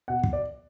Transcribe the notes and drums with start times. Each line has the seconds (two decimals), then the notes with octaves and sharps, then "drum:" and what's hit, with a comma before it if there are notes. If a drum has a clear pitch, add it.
0.08 B2 F#5
0.23 drum: kick
0.33 D5